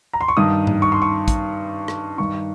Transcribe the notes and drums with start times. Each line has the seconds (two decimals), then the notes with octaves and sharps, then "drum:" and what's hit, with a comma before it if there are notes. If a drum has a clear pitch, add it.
0.13 A#5
0.21 C6
0.28 C#6
0.37 G2 D#3 D#6
0.67 drum: tom G#2
0.82 C#6
0.92 C6
1.02 C#6
1.28 drum: kick, hi-hat
1.88 drum: rim click
2.18 G2 D#3 C#6